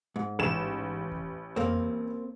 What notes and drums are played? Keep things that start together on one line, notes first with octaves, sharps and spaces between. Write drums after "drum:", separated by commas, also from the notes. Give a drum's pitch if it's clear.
G#2
A1 E7
drum: kick E2
A#3 C4, drum: tom F2